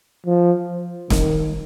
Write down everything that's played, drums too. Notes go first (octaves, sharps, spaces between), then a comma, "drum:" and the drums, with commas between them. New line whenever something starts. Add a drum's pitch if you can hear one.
F3
D#3, drum: snare